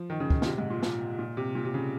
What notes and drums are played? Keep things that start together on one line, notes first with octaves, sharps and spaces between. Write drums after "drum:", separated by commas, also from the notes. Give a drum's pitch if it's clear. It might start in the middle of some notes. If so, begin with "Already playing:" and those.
Already playing: F3
D#3
C#3
D#3, drum: kick
A#2, drum: snare
C3
G#2
A#2
A#2, drum: snare
A#2
C3
A#2
C3
C#3